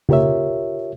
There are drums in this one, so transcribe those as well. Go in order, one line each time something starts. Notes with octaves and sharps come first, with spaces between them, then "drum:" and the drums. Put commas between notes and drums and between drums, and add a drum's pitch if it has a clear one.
F4 G4 A#4 C#5 E5, drum: tom C#3